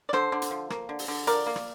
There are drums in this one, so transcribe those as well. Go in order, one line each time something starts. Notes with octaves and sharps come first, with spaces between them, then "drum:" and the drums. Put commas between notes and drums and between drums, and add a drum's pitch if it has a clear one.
D5
D3 A4 C5, drum: rim click
D3
drum: hi-hat
F3
A#3, drum: rim click
D3
drum: open hi-hat
D3
F3 A#4 D5, drum: hi-hat
A#3
drum: rim click